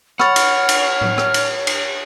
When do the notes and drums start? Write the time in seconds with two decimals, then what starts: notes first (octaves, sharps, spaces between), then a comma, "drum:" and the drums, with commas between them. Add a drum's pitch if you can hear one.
0.19 C#5 F#5 B5 C#6 F6 A6, drum: rim click
0.36 drum: cymbal
0.69 drum: cymbal
1.01 drum: tom A2
1.18 drum: rim click
1.34 drum: cymbal
1.67 drum: cymbal